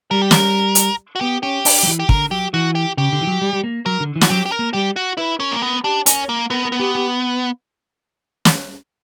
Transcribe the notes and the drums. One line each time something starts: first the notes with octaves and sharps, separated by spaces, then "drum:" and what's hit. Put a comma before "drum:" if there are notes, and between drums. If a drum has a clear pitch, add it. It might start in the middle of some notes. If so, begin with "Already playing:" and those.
G3 A#4
G4
A#4, drum: snare
drum: hi-hat
F#4
B3 G4
C#4 G4
D4, drum: open hi-hat
F#3
E3
G4
D3 A#4, drum: kick
F#3 G4
E3 F#4
G4
C#3 G4
D3
E3
F#3
G3
G3
A#3
F#3 A#4
D3
E3
F#4, drum: snare
F#3 G4
G4
A#4
A#3
G3 G4
F#4
E4 B4
C#4 A#4
A#3
B3 A#4
D4 G4
C#4 A#4, drum: hi-hat
A#3
B3 A#4
A#4
B3
G4
G4
drum: snare